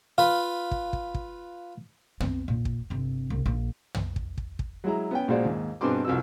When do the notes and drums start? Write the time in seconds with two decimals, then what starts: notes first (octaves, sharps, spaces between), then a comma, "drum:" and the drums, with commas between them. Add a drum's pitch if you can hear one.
0.18 F4 B4 F5
0.71 drum: kick
0.93 drum: kick
1.14 drum: kick
2.20 B3 C4, drum: tom
2.48 A#2
2.65 drum: kick
2.90 G1 C3
3.30 C2
3.46 A#1
3.94 drum: tom
4.16 drum: kick
4.38 drum: kick
4.59 drum: kick
4.84 F#3 G#3 E4 A#5
5.11 B3 C#4 G5
5.28 A#1 A#2 G#3 F#4 C5 D5
5.45 D#2 G#2
5.81 G2 B2 C4 G#4 C6 D6
6.05 C2 F2 F#4 E6